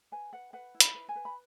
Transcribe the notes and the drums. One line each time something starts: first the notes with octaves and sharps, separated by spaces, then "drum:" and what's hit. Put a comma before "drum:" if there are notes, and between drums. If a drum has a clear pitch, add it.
B4 G#5
B4 F#5
B4 F#5
E4
B5, drum: hi-hat
B4
G#5
B4
B5